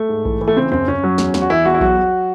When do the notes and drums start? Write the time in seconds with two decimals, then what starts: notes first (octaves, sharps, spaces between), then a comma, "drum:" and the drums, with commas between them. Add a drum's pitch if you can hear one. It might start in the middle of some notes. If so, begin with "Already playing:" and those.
Already playing: A3
0.09 G#2
0.25 E3, drum: kick A#1
0.41 E3
0.48 A3
0.56 C#3 C4
0.72 F#2 C4
0.88 F#2 C#4
1.04 F#3
1.18 E2, drum: snare
1.34 E2, drum: snare
1.42 F#4
1.50 E3 E4
1.65 E2 F#4
1.74 E4
1.81 F#3 F#4, drum: kick A#1
1.97 F#3